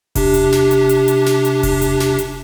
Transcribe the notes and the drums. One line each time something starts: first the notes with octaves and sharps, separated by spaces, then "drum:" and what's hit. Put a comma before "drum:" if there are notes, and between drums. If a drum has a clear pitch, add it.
C3 D4 G4, drum: kick E1, open hi-hat
drum: hi-hat
drum: snare
drum: hi-hat
drum: hi-hat
drum: hi-hat
drum: snare
drum: hi-hat
drum: kick E1, open hi-hat
drum: hi-hat
drum: snare
drum: hi-hat